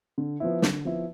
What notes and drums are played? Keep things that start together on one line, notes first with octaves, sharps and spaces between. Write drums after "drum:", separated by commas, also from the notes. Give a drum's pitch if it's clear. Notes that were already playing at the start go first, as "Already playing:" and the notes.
D3
F3 B3 E4
D3, drum: snare
F3 B3 E4